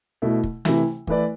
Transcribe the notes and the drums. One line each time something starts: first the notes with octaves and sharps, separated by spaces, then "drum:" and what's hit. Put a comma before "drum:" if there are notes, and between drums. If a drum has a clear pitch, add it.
B2 A3 E4
drum: kick
C3 E3 A3 E4, drum: snare
E3 A3 E4 B4 D5, drum: kick